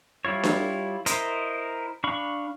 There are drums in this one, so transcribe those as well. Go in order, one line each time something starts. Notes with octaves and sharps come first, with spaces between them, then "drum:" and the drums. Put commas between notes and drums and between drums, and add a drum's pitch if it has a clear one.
G3 E4 F4 C#5
drum: snare D4
E4 A#4 C5 D#5, drum: hi-hat
D4 F5 B5 C#6